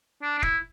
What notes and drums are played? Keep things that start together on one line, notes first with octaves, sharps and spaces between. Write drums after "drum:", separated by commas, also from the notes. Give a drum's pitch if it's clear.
D4
D4
E4, drum: kick